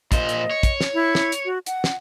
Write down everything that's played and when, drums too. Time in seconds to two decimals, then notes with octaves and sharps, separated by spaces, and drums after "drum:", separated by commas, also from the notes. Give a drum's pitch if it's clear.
0.12 A#2 C5 D#5, drum: kick, hi-hat
0.29 drum: hi-hat
0.51 C#5
0.63 drum: kick, hi-hat
0.81 drum: snare
0.94 E4
1.15 drum: snare
1.32 drum: hi-hat
1.45 F#4
1.66 F#5, drum: hi-hat
1.84 drum: snare